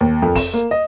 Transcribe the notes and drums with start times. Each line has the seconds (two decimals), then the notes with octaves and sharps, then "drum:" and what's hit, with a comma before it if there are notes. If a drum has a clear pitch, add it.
0.01 D#2
0.22 F2
0.36 E7, drum: kick, open hi-hat
0.54 A#3
0.71 D#5